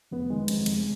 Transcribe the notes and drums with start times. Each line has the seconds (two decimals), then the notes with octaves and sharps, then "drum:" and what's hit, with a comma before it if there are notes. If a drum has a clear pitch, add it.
0.11 F1 B3
0.30 D#3 G#3
0.48 F2, drum: cymbal
0.66 F1, drum: cymbal